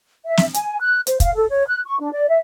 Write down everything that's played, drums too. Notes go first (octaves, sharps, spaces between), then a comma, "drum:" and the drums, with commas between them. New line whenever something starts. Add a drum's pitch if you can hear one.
E5
drum: snare
G#5, drum: hi-hat
F#6
C5, drum: hi-hat
F5, drum: kick, hi-hat
A4
C#5
F#6
C#6
D4
D5
E5